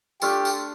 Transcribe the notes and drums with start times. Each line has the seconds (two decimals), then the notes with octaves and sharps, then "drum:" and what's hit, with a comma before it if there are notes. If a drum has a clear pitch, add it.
0.21 A3 D4 F4 G4, drum: tambourine
0.45 drum: tambourine